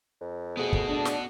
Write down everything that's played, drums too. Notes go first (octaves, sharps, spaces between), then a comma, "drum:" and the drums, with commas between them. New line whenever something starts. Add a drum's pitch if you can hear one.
F2
A3 B3 F#4 G#4
drum: kick
D4
drum: snare